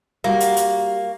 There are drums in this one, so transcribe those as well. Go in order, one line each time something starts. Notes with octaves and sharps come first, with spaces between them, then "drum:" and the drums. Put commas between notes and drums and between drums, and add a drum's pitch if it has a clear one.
G3 A#3 F#4 F#5
drum: hi-hat
drum: hi-hat